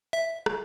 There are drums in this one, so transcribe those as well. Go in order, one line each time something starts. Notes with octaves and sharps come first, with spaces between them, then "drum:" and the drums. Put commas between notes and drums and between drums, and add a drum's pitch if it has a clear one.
E5
drum: rim click